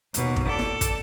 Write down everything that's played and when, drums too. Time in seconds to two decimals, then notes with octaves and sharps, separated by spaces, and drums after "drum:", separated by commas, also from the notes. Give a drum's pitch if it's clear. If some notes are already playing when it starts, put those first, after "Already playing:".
0.14 D#2 B2, drum: hi-hat
0.36 drum: kick
0.48 A4 D5
0.59 drum: snare E4
0.81 drum: kick, hi-hat